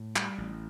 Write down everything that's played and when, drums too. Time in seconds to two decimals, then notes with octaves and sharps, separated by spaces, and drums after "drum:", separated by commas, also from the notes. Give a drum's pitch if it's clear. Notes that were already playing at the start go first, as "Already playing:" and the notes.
Already playing: A2
0.16 G3, drum: clap
0.38 A1